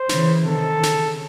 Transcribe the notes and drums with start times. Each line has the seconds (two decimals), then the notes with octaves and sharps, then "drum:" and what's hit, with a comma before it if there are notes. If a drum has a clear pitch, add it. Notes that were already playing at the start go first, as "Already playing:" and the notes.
Already playing: C5
0.09 C#3 E3, drum: snare
0.46 C3 D#3 A4
0.83 C#3, drum: snare